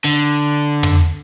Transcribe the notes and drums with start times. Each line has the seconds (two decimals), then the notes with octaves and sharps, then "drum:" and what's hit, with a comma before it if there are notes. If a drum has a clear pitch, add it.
0.04 D3, drum: hi-hat
0.83 drum: tom